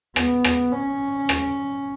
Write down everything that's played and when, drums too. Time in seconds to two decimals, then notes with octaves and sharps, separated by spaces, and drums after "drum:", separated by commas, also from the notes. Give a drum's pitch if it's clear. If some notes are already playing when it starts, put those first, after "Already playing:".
0.16 B3, drum: rim click
0.44 drum: rim click
0.73 C#4
1.29 drum: rim click